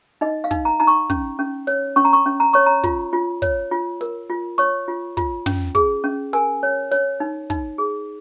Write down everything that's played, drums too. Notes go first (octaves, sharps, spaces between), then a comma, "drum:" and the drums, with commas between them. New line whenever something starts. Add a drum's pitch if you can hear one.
D#4 D#5
F5
D#4, drum: kick, hi-hat
A#5
D#4 A#5
C#6
C#4, drum: kick
C#4
C#5, drum: hi-hat
C#4 C#6
A#5
C#6
C#4
A#5
C#5 C#6
A#5
F4, drum: kick, hi-hat
F4
C#5, drum: kick, hi-hat
F4
A#4, drum: hi-hat
F4
C#5 C#6, drum: hi-hat
F4
F4, drum: kick, hi-hat
C#4, drum: tom
G#4, drum: kick, hi-hat
C#4
A#4 G#5, drum: hi-hat
C#5
C#5, drum: hi-hat
D#4
D#4, drum: kick, hi-hat
G#4